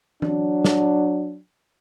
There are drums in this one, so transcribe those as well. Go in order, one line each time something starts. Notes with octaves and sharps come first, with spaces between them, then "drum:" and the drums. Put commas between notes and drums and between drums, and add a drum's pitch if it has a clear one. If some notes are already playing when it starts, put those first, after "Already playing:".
F#3 D4, drum: tom E3
drum: snare